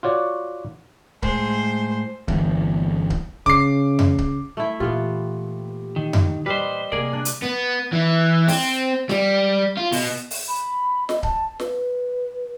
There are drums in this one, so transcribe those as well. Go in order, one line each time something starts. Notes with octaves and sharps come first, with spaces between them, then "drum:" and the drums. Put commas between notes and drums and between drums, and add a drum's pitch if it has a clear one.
F4 F#4 C#5 D5
A2 G#3 G#4 C5, drum: kick C#1
G1 E2, drum: kick C#1
drum: kick C#1
C#3 D6 C7, drum: kick C#1
drum: tom F2
drum: kick C#1
A3 E4
A#2 E3 B3 F4 G4
D#3
drum: tom F2
G3 B4 C5 D#5
C3 A#3 G#4 A#4 D5
D4 F#6
drum: hi-hat
B3
E3
C4, drum: open hi-hat
G3, drum: snare
F4
B2, drum: open hi-hat
drum: open hi-hat
B5
D#5, drum: snare
A5, drum: kick C#1
B4, drum: snare